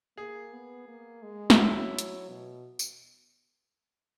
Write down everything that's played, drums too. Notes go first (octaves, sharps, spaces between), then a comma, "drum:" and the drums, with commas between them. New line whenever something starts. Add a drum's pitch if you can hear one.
A#3 G#4
B3
A#3
G#3
F#4, drum: snare
F#3 E4
drum: hi-hat
B2
drum: tambourine